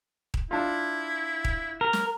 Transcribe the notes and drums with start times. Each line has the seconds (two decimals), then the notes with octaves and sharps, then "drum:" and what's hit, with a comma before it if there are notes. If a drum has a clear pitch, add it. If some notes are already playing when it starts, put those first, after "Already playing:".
0.34 drum: kick D#1
0.51 D4 E4 F4
1.44 drum: kick D#1
1.81 A#4
1.93 drum: snare